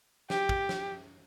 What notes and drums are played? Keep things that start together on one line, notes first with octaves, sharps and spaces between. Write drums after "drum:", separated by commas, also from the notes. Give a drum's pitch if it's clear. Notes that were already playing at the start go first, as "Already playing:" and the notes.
G4, drum: snare
drum: kick
drum: snare